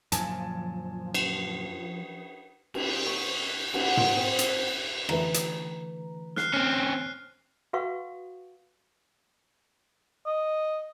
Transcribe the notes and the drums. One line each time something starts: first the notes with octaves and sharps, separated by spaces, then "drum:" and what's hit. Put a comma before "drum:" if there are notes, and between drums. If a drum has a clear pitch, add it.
F#2 A#2 D3 F3 G#5 A5, drum: hi-hat
drum: cymbal
drum: cymbal
C#6
F#5, drum: cymbal
F4, drum: tom
C4
drum: hi-hat
D3 E3 A3 B4 A#5, drum: rim click
drum: hi-hat
F6 F#6 C7, drum: snare
C4 C#4 F6
F#4 B4 F5 F#5 C#6 D#6
D#5